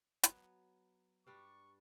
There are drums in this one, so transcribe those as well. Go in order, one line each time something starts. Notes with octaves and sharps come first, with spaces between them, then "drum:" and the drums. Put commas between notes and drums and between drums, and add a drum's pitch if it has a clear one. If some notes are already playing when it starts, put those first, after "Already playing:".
F#3 B3, drum: hi-hat
G2 G3 D4 C#6